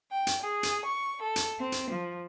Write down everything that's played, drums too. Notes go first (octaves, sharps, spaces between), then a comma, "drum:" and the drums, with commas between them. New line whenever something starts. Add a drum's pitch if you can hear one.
G5
drum: hi-hat
G#4
drum: hi-hat
C#6
A4
drum: hi-hat
C4
drum: hi-hat
F3